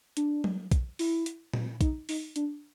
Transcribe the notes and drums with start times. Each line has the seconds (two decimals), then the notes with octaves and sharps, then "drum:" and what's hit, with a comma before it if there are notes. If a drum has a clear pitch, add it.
0.17 D4, drum: hi-hat
0.44 drum: tom F#3
0.71 drum: kick A#1, hi-hat
0.99 E4, drum: open hi-hat
1.26 drum: hi-hat
1.54 drum: tom A#2
1.81 D#4, drum: kick A#1, hi-hat
2.09 D#4, drum: open hi-hat
2.36 D4, drum: hi-hat